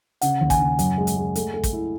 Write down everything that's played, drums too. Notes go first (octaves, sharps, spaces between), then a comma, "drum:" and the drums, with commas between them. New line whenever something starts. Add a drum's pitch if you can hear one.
C#3 F#5, drum: hi-hat
D#2
G#5, drum: kick, hi-hat
C#3
F#2, drum: hi-hat
G#3
drum: hi-hat
G#3
A3, drum: hi-hat
A3
drum: kick, hi-hat
E4